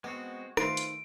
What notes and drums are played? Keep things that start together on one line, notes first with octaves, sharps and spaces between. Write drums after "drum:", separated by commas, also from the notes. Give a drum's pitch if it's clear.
G#3 B3 C4 F#4
D#3 A3 F4 B4 C5 C6 D6 D7, drum: rim click
drum: hi-hat